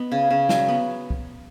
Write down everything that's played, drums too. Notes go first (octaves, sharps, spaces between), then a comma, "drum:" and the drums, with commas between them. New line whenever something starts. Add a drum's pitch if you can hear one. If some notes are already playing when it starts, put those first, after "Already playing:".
Already playing: B3 D#5
C#3
C#3
F#3, drum: snare
B3
drum: kick